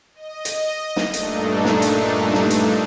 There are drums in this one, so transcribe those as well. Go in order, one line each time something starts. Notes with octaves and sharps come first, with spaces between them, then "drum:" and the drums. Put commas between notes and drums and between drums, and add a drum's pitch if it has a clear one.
D#5
drum: hi-hat
drum: snare
G2 A#2 A3 D4 D#4, drum: hi-hat
drum: snare
drum: hi-hat
drum: snare
drum: hi-hat